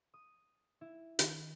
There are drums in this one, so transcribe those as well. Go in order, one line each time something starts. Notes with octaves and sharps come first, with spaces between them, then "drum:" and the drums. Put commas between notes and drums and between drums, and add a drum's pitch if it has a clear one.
D#6
E4
D#3, drum: hi-hat